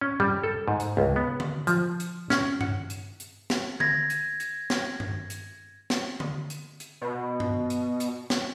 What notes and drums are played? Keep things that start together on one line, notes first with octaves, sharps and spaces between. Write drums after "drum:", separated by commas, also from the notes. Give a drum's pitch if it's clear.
C#4
G3, drum: tom G2
A4
G#2
drum: hi-hat
C#2
B3
drum: tom D3
F3, drum: hi-hat
drum: hi-hat
C#4, drum: snare
F#5, drum: tom G2
drum: hi-hat
drum: hi-hat
drum: snare
G#6 A#6, drum: tom D3
drum: hi-hat
drum: hi-hat
drum: snare
drum: tom G2
drum: hi-hat
drum: snare
drum: tom D3
drum: hi-hat
drum: hi-hat
B2
drum: tom G2
drum: hi-hat
drum: hi-hat
drum: snare